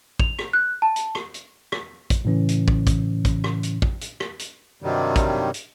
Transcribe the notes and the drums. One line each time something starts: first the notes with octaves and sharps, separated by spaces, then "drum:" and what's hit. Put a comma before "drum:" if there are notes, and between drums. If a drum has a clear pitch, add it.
F7, drum: kick
drum: rim click
F#6
A5
drum: hi-hat
drum: rim click
drum: hi-hat
drum: rim click
drum: kick, hi-hat
A2 C#3 E3 C#4
drum: hi-hat
drum: kick
drum: kick, hi-hat
drum: kick, hi-hat
drum: rim click
drum: hi-hat
drum: kick
drum: hi-hat
drum: rim click
drum: hi-hat
G2 C3 D#3 F#3 G3
drum: kick, hi-hat
drum: hi-hat